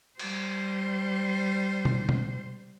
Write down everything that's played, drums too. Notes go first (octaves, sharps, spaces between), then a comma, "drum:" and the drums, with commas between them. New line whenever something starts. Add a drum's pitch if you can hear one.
G3 C5, drum: cymbal
drum: tom B2
drum: tom B2